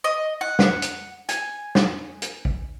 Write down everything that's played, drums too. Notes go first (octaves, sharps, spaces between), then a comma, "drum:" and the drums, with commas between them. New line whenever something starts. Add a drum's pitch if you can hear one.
D#5
F#5
drum: snare
drum: hi-hat
G#5, drum: hi-hat
drum: snare
drum: hi-hat
drum: kick